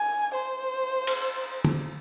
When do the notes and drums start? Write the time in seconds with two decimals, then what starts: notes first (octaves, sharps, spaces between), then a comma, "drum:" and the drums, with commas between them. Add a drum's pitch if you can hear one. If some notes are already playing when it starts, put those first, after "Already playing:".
Already playing: G#5
0.34 C5
1.07 drum: cymbal
1.65 drum: tom